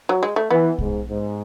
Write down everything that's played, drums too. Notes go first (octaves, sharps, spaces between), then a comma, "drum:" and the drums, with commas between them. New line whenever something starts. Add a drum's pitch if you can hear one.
F#3
G#3
A3
E3 B3
G#2, drum: kick
G#2